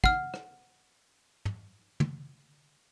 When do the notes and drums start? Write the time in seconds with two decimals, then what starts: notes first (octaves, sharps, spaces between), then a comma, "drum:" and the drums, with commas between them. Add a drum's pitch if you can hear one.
0.04 F#5 F6, drum: kick
0.34 drum: rim click
1.45 drum: tom
2.00 drum: tom